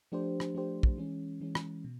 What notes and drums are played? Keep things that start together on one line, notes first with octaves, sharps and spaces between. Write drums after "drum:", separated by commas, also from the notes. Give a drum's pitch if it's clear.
F3 A3 D4 G4 C5
drum: rim click
F3 A3 D4 G4 C5
drum: kick
E3 G#3 C#4
E3 G#3 C#4
drum: rim click
B2